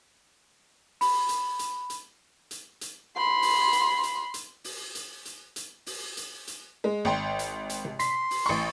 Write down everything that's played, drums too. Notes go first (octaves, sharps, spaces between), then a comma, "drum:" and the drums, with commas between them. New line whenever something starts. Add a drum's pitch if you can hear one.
B5, drum: open hi-hat
drum: hi-hat
drum: hi-hat
drum: hi-hat
drum: hi-hat
drum: hi-hat
B5 C6
drum: open hi-hat
drum: hi-hat
drum: hi-hat
drum: hi-hat
drum: open hi-hat
drum: hi-hat
drum: hi-hat
drum: hi-hat
drum: open hi-hat
drum: hi-hat
drum: hi-hat
G#3
G#1 G5 C6
drum: hi-hat
drum: hi-hat
drum: tom C3
C6 B6, drum: hi-hat
drum: open hi-hat
A1 C#6